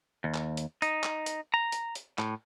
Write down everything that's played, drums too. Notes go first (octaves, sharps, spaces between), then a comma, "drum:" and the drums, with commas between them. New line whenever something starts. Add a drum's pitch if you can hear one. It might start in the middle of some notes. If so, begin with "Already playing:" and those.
D#2
drum: clap
drum: hi-hat
D#4, drum: hi-hat
drum: clap
drum: hi-hat
A#5
drum: hi-hat
drum: hi-hat
A2, drum: clap